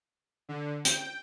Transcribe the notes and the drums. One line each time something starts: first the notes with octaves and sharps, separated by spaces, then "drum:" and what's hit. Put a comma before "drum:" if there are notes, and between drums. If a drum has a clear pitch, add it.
D3
G5, drum: hi-hat